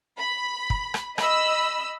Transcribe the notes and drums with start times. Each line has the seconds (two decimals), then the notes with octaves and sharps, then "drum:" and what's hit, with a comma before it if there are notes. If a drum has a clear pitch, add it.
0.19 B5
0.70 drum: kick
0.94 drum: rim click
1.18 D#5 B5 E6, drum: rim click